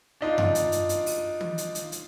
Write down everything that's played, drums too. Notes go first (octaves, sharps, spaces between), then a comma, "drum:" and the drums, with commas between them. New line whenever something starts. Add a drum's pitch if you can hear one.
D4 D#4 F4
drum: tom F#2
drum: hi-hat
drum: hi-hat
drum: hi-hat
drum: open hi-hat
drum: tom
drum: hi-hat
drum: hi-hat
drum: hi-hat